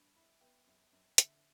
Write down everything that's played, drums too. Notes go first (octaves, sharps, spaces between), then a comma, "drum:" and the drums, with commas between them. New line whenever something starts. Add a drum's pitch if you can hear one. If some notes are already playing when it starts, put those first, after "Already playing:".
Already playing: G2 B3 B5
E4 B5
B3 G5
F#2
F#2
D3 E5, drum: hi-hat